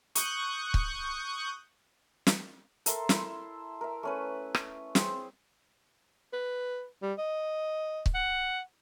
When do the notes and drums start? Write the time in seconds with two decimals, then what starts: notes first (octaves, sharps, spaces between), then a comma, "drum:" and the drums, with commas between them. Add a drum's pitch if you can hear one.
0.15 C#6 D#6 F#6 G6, drum: hi-hat
0.74 drum: kick C#1
2.27 drum: snare
2.86 A4 A#4 E5 C6, drum: hi-hat
3.09 E4 E5 C6, drum: snare
3.81 A#4 E5
4.03 A3 C#4 B4
4.55 drum: rim click
4.95 C4 G#4 C5, drum: snare
6.33 B4
7.02 G3
7.19 D#5
8.06 drum: kick C#1
8.15 F#5